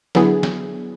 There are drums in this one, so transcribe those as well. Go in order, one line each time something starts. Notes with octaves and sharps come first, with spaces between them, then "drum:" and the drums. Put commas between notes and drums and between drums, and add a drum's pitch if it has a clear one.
D3 F#3 B3 E4 G#4, drum: snare
drum: snare